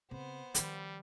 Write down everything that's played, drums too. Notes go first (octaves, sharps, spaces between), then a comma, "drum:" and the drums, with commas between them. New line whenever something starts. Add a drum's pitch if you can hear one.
C#3 B3 C4 C5
D#3 F3 G3, drum: hi-hat